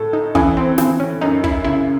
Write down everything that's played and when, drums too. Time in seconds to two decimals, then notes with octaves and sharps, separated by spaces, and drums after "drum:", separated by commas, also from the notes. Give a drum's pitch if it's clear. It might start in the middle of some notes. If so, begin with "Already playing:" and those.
Already playing: A2 A4
0.13 D#4
0.35 E3 C#4, drum: kick
0.57 C4
0.78 E3 C4, drum: snare
1.00 C#4
1.21 F#2 D#4
1.44 E4, drum: kick
1.64 C#3 E4